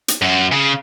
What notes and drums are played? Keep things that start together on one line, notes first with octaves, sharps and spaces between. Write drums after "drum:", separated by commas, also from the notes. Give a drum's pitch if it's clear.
drum: hi-hat
F#2
C#3